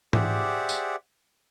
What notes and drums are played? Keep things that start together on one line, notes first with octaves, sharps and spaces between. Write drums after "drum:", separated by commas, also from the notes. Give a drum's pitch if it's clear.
G4 G#4 C5 D5 E5 F#5, drum: tom
drum: tambourine